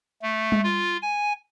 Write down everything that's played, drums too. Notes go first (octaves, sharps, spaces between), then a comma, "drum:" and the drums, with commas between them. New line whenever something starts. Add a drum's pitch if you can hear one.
A3
drum: tom G3
F4
G#5